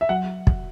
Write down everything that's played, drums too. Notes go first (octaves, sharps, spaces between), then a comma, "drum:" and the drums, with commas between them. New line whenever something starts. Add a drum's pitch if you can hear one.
E5
F#3 F#5
drum: kick